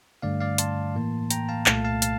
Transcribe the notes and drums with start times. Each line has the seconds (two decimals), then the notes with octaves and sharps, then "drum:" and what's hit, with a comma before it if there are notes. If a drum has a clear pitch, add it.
0.22 G2 D3 A3 D5 F5
0.40 D5 F5
0.58 A5 C6, drum: hi-hat
0.95 A2 E3 A#3
1.30 G5 A#5, drum: hi-hat
1.49 F5 A5
1.66 C2 A#2 A3 F5 A5, drum: clap
1.85 F5 A5
2.02 F5 A5, drum: hi-hat